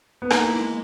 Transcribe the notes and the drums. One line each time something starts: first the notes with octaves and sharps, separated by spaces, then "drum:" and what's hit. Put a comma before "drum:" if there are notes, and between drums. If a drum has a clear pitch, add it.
B3
A#3 D#4, drum: rim click
E4
A#3
G#3